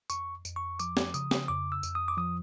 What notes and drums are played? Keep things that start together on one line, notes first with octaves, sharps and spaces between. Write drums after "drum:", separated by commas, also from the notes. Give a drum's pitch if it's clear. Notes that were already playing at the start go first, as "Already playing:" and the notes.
F2 C#6, drum: tambourine
F2, drum: tambourine
C#6
F3 D6, drum: tambourine
drum: snare
C#3 D#6, drum: tambourine
drum: snare
F2 D6
E6
F2, drum: tambourine
D#6
D6
F3 D#6